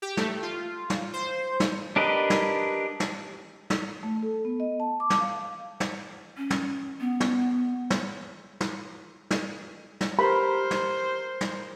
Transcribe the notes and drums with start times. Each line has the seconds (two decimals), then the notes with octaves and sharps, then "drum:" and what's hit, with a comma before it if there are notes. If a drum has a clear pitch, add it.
0.02 G4
0.17 A3, drum: snare
0.43 F4
0.90 drum: snare
1.13 C5
1.60 drum: snare
1.96 D4 G4 A#4 B4 D#5
2.30 drum: snare
3.00 drum: snare
3.70 drum: snare
4.03 A3
4.23 A4
4.45 B3
4.60 D#5
4.80 A5
5.00 D6
5.10 drum: snare
5.20 F5
5.80 drum: snare
6.37 C#4
6.50 drum: snare
7.00 B3
7.20 drum: snare
7.90 drum: snare
8.60 drum: snare
9.31 drum: snare
10.01 drum: snare
10.19 G4 A#4 C5 B5
10.71 drum: snare
11.41 drum: snare